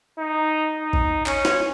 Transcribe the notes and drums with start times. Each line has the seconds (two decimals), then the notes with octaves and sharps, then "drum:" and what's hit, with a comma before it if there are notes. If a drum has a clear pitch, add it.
0.18 D#4
0.80 D#4
0.93 drum: kick A1
1.26 C#4, drum: clap
1.45 drum: snare